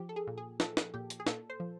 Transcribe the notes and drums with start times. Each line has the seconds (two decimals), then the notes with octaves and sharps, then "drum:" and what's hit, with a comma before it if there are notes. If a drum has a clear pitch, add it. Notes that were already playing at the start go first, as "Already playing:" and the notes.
Already playing: F3 G4
0.09 A4
0.16 G#4
0.27 A#2
0.38 G#4
0.60 F3 A4, drum: snare
0.77 drum: snare
0.94 A#2 G4
1.10 drum: hi-hat
1.20 G#4
1.27 A#2 A4, drum: snare
1.50 C5
1.60 F3